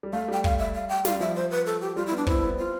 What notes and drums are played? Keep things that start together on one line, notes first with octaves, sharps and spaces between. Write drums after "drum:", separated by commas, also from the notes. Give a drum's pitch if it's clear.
G3
A3 F5
G3 G5
F5, drum: kick
E5
F5
G5
G3 F5, drum: snare
F3 E5
C5
B4
A4
G4
G3 F4
E4
B3
D4
C4 E4, drum: kick
B3
C4 F4